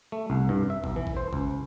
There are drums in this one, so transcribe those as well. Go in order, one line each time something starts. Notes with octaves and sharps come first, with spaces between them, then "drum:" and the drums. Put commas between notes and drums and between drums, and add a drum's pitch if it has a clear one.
A3
C2
G2
E5
B1, drum: kick
E3
drum: kick
C5
C#2, drum: kick